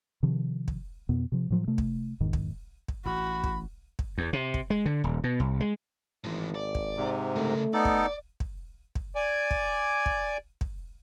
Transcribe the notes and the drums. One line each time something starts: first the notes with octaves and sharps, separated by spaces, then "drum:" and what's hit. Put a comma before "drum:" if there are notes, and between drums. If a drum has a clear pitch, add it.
C3 D#3 F3
drum: kick
F2 B2 B3
C3 F3
A2 F3 F#3
C3 A3
drum: kick
F#1 E2 G#2 D#3
drum: kick
drum: kick
A1 F#4 B5
drum: kick
drum: kick
E2
C3
drum: kick
G#3
D3
D#1
B2
C2
G#3
G#1 A2 E3
D5
drum: kick
G#2 C3
C#3 A3 A#4
B3 D#4 A4 D5
drum: kick
drum: kick
drum: kick
D5 G#5
drum: kick
drum: kick
drum: kick